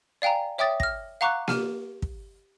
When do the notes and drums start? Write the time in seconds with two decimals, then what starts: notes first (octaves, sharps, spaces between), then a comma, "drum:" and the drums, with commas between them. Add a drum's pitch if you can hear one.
0.22 D5 F5 G5 G#5 A#5
0.58 C#5 E5 G5 D6 D#6 A6
0.80 F6 A#6, drum: kick
1.21 F5 F#5 A#5 C#6 D6 F#6
1.48 G4 F6 D#7, drum: snare A#3
2.02 drum: kick